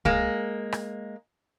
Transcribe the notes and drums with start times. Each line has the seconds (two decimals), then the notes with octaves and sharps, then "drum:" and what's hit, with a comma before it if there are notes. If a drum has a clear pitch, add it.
0.05 G#3 A#3, drum: kick C2
0.72 drum: rim click